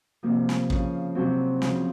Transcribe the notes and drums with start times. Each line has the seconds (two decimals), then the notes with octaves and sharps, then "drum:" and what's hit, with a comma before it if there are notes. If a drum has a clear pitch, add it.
0.23 C3 F3 A#3
0.49 drum: snare
0.70 C#3 F3, drum: kick
1.15 C3 F#3 C4
1.62 C#3 F3, drum: snare